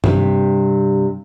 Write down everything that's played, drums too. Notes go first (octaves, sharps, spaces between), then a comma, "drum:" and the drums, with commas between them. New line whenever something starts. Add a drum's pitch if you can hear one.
G2 C3, drum: tom G2